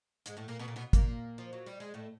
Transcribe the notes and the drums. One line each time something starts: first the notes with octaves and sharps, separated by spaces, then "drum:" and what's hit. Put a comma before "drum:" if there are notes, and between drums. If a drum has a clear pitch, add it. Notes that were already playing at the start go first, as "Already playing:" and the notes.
G#2 G#3, drum: hi-hat
A2 A3
A#2 A#3
B2 B3
A#2 A#3
B2 B3
A#2 A#3, drum: kick, hi-hat
F3
F#3
G3
G#3
A2 A3